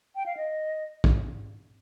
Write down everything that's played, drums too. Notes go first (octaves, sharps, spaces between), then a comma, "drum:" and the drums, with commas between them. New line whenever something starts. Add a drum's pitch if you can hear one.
G5
F5
D#5
drum: kick